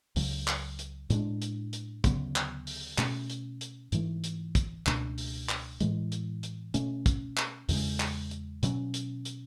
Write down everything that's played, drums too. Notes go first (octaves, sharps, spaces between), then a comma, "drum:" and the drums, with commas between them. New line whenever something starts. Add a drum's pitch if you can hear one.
C#2 C#3 F#3, drum: open hi-hat
drum: clap
drum: hi-hat
A2 G#3 D4, drum: hi-hat
drum: hi-hat
drum: hi-hat
D2 C#3 F#3 B3, drum: kick, hi-hat
drum: clap
drum: open hi-hat
B2 A3 C#4, drum: clap
drum: hi-hat
drum: hi-hat
G#2 E3 A3, drum: hi-hat
drum: hi-hat
drum: kick, hi-hat
C#2 B2 A3 D4, drum: clap
drum: open hi-hat
drum: clap
A2 E3 G#3, drum: hi-hat
drum: hi-hat
drum: hi-hat
B2 A3 C#4, drum: hi-hat
drum: kick, hi-hat
drum: clap
E2 C#3 G#3, drum: open hi-hat
drum: clap
drum: hi-hat
B2 F#3 C#4, drum: hi-hat
drum: hi-hat
drum: hi-hat